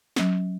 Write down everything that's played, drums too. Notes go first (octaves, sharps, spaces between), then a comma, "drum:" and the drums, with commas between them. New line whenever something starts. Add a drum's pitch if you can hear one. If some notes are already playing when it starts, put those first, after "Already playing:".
F#3 C#4, drum: snare